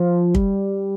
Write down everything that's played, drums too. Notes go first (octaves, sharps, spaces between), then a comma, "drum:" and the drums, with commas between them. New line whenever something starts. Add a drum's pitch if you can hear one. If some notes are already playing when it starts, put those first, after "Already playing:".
Already playing: F3
G3, drum: kick